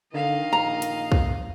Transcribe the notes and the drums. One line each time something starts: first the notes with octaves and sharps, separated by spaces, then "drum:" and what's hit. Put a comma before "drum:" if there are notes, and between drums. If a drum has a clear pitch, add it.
D3 D#3 D#5 F5
A#1 A#5
drum: hi-hat
drum: kick